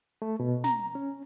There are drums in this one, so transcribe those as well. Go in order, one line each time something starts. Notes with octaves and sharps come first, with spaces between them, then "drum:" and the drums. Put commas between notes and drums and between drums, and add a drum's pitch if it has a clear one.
A3
B2
A#5, drum: snare
C#4